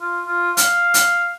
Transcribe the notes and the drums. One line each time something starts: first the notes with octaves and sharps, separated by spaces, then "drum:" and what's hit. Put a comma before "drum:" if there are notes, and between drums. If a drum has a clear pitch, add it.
F4
F4
F5, drum: hi-hat
drum: hi-hat